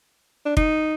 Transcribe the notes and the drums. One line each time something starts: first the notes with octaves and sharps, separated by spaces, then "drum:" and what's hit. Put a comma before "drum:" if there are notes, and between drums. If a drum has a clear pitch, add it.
D4
D#4, drum: kick